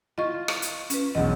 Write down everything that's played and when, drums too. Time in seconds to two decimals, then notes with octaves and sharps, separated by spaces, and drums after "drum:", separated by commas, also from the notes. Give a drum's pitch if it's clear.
0.18 F4 D#5 C#6
0.48 drum: rim click
0.62 drum: hi-hat
0.90 C#4 B4, drum: hi-hat
1.15 E1 B1 D#5